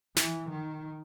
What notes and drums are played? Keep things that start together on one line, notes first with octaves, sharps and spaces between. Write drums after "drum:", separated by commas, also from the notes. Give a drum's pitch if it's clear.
E3, drum: snare
D#3